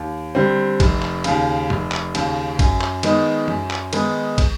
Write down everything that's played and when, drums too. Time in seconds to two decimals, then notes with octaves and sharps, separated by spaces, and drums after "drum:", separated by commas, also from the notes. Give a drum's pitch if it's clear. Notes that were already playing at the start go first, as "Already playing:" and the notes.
Already playing: D#2
0.35 D3 G3 C4
0.80 F1, drum: kick, cymbal
1.03 drum: clap
1.24 D#2 C#3, drum: cymbal
1.70 F1, drum: tom
1.92 drum: clap
2.15 D#2 C#3, drum: cymbal
2.59 F#2, drum: kick, cymbal
2.81 drum: clap
3.03 D#3 G#3 B3 D#4, drum: cymbal
3.48 F#2, drum: tom
3.71 drum: clap
3.93 D#3 G#3 B3 D#4, drum: cymbal
4.38 drum: kick, cymbal